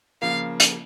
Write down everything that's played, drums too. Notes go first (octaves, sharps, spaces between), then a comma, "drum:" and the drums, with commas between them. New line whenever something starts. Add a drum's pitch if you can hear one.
C#3 F3 A#3 F5
drum: hi-hat